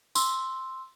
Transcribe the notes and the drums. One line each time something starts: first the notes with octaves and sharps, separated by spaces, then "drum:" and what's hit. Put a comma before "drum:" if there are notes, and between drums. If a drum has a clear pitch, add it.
C6 E6, drum: tambourine